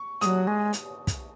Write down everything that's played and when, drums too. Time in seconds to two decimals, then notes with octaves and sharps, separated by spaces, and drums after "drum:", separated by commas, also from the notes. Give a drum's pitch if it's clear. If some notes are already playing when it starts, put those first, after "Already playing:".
Already playing: C#6
0.21 F#3 G#3 D#6, drum: hi-hat
0.47 G#3
0.73 drum: hi-hat
1.07 drum: kick, hi-hat